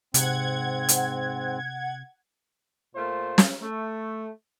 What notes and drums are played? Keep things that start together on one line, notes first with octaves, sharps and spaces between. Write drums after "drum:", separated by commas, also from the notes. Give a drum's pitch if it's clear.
G#2 C3 C4 F#5 G#6, drum: hi-hat
drum: hi-hat
A#2 A3 A#3 F4 C5
drum: snare
A3